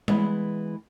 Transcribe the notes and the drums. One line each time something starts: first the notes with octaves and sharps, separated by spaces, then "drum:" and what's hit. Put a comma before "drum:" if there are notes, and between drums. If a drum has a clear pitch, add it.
E3 G#3 B3, drum: tom G3